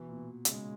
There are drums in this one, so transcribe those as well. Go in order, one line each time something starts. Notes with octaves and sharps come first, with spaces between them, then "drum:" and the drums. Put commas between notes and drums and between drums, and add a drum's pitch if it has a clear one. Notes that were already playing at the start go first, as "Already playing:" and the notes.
Already playing: B2 E3
A#2
B2
C#3 G#3, drum: hi-hat